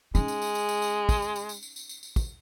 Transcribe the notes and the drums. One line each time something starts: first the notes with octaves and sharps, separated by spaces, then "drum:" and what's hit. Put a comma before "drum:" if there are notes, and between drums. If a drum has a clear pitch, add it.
G#3 C#4 D#4, drum: tambourine
drum: tambourine
drum: tambourine
drum: tambourine
drum: tambourine
drum: tambourine
drum: kick, tambourine
drum: tambourine
drum: tambourine
drum: tambourine
drum: tambourine
drum: tambourine
drum: tambourine
drum: tambourine
drum: kick, tambourine